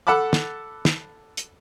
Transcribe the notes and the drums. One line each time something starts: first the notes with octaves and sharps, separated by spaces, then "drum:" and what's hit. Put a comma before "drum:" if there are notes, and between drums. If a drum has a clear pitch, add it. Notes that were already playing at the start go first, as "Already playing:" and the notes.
A4 F#5 A5 B5 D6
drum: snare
drum: snare
drum: hi-hat